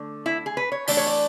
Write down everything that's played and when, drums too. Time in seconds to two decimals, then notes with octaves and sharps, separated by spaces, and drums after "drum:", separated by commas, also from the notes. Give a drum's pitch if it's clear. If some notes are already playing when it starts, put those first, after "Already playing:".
Already playing: D3 A3
0.26 E4
0.46 G#4
0.57 B4
0.72 C#5
0.88 E3 A3 D4 D5, drum: open hi-hat
0.97 C#5
1.06 D5